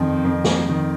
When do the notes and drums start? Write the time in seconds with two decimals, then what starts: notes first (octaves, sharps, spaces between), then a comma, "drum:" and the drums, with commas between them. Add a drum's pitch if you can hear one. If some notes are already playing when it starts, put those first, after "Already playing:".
Already playing: F2 D#3
0.25 F2
0.45 drum: snare
0.69 D#3